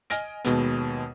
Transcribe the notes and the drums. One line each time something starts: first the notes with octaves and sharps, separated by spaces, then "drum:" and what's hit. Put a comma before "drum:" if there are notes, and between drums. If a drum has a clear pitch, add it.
D#5 G#5 F6 A#6 D7, drum: hi-hat
D#2 B2 G#3 B3, drum: hi-hat